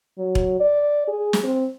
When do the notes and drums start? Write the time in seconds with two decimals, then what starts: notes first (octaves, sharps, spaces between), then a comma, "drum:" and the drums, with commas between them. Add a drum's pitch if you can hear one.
0.18 F#3
0.35 drum: kick E1
0.60 D5
1.07 G#4
1.33 drum: snare
1.44 C4